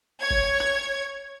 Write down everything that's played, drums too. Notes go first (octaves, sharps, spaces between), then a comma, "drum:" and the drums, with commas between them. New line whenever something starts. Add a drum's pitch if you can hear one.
C#5 G#6
drum: kick
drum: rim click